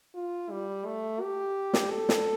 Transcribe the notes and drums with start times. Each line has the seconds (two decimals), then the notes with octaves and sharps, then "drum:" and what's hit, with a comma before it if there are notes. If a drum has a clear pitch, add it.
0.15 F4
0.51 G3
0.86 A3
1.21 G4
1.73 drum: snare
1.90 A4
2.09 drum: snare